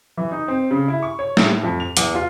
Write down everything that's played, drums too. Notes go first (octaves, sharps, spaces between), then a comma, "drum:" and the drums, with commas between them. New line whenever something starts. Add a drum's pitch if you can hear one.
E3
D#4
C4
C#3
E4
C#6
C#5
A2, drum: snare
F2
F7
E2, drum: hi-hat
F4